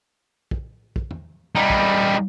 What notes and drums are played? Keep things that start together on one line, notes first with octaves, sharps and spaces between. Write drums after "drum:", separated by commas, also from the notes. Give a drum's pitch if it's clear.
drum: kick
drum: kick
drum: tom
G3 D#4
drum: kick